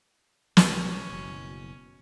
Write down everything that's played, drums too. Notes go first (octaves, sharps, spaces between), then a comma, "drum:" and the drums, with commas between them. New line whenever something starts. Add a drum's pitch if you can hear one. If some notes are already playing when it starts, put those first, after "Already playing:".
B1 C3 C#4, drum: snare
F#1 B2